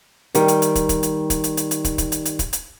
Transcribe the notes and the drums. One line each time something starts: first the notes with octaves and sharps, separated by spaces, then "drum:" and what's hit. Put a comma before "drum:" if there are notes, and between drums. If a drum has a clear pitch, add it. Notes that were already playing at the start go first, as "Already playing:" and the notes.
D#3 G3, drum: hi-hat
drum: hi-hat
drum: hi-hat
drum: kick, hi-hat
drum: kick, hi-hat
drum: hi-hat
drum: kick, hi-hat
drum: hi-hat
drum: hi-hat
drum: hi-hat
drum: kick, hi-hat
drum: kick, hi-hat
drum: hi-hat
drum: hi-hat
drum: kick, hi-hat
drum: hi-hat